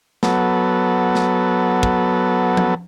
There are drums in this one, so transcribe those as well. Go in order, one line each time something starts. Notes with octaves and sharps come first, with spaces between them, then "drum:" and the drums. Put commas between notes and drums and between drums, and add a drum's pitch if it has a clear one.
F#3 B3 A4, drum: snare
drum: snare
drum: kick
drum: tom F3